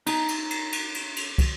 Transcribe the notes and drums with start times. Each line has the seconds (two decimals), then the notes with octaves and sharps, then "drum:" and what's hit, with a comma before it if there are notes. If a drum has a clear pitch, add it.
0.06 D#4 A#5, drum: cymbal
0.28 drum: cymbal
0.50 drum: cymbal
0.72 drum: cymbal
0.94 drum: cymbal
1.16 drum: cymbal
1.38 drum: kick, cymbal